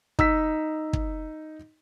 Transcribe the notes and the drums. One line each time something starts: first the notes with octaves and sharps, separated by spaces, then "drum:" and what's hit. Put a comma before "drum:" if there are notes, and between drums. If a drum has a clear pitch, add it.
D#4 E6 B6, drum: kick
drum: kick